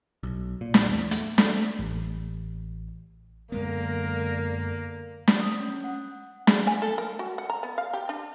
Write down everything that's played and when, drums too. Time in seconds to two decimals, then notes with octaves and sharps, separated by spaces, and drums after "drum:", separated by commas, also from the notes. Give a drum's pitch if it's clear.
0.23 B1
0.61 A#2
0.74 drum: snare
0.88 E2
1.11 A3, drum: hi-hat
1.38 A3, drum: snare
1.79 A1
3.52 F#2 D3 G#3 A#3 B3 A#4
5.28 drum: snare
5.40 D#6
5.60 C#4
5.84 F#5
6.47 G#4, drum: snare
6.67 G#5
6.82 A4
6.98 A#4
7.19 F#4
7.38 F#5
7.50 A#5
7.63 B3
7.78 F5
7.93 G4
8.09 D4